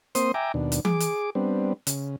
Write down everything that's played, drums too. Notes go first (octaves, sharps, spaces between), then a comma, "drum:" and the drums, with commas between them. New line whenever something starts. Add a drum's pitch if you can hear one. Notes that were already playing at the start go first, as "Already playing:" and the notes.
A#3 C4 C5 C6 D#6, drum: hi-hat
E5 G5 G#5 A#5 D6
D#2 B2 D4
drum: hi-hat
G#4 D6, drum: tom E3
drum: hi-hat
G3 B3 C4 D4
C#3, drum: hi-hat